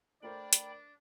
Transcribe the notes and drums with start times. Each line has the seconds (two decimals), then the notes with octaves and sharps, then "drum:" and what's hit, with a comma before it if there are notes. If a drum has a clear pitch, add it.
0.23 A3 D4 A#4 C5 D5 G5 B5
0.53 drum: hi-hat